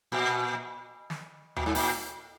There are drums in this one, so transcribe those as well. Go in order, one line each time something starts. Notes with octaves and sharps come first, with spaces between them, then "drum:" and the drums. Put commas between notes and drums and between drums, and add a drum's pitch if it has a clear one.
A#2
drum: snare
A#2, drum: tom D#2
G#2
A#2, drum: open hi-hat